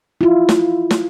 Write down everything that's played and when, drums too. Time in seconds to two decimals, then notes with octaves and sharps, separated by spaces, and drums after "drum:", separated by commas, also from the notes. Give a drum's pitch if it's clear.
0.21 E4 F4
0.49 drum: snare
0.91 drum: snare